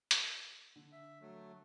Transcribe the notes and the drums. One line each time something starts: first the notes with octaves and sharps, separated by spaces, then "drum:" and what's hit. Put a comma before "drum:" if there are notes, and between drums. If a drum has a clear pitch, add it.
drum: hi-hat
D3
E5
F#3 A3